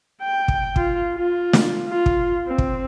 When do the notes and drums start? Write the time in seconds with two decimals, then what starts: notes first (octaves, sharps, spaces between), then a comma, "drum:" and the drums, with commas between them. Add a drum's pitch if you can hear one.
0.22 G5
0.48 drum: kick
0.76 F4, drum: kick
1.14 F4
1.53 drum: snare
1.88 F4
2.06 drum: kick
2.47 C4
2.58 drum: kick